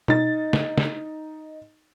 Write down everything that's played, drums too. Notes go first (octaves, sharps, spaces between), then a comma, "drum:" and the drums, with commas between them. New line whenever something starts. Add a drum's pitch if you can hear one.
D#4 A6, drum: tom B2
drum: snare
drum: snare